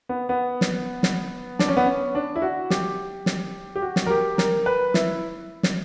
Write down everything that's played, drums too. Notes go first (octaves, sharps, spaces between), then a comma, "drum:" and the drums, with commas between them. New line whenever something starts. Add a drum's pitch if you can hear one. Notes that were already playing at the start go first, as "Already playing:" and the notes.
B3
B3
drum: snare
drum: snare
D4, drum: snare
C#4
B3
C#4
D4
E4
F#4
G4, drum: snare
drum: snare
G4
F#4
drum: snare
A#4
G4
A#4, drum: snare
B4
E4, drum: snare
drum: snare